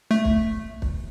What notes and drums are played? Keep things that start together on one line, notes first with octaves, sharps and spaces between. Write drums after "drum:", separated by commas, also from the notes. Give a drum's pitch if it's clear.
A3
drum: kick
drum: kick